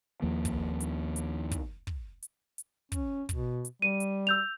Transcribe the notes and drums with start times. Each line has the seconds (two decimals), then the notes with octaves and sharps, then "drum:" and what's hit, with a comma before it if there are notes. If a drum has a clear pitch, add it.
0.22 D#2 F3 A#3
0.45 drum: kick, hi-hat
0.80 drum: hi-hat
1.16 drum: hi-hat
1.51 drum: kick, hi-hat
1.87 drum: kick
2.22 drum: hi-hat
2.58 drum: hi-hat
2.92 C#4, drum: kick, hi-hat
3.29 B2, drum: kick, hi-hat
3.65 drum: hi-hat
3.82 G3 D#7
4.00 drum: hi-hat
4.27 E6 G6 F7